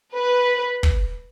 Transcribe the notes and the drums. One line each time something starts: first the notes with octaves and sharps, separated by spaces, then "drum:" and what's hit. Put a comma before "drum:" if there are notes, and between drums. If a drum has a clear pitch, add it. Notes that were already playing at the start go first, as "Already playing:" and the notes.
B4
drum: kick